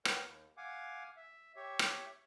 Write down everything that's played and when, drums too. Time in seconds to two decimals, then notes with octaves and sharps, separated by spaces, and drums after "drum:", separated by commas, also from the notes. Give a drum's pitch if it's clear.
0.05 A#4 B4 C#5 F#5 G5, drum: rim click
0.22 D#2
0.57 F5 F#5 G#5 D6
1.17 E5
1.56 G4 C#5 E5
1.79 drum: rim click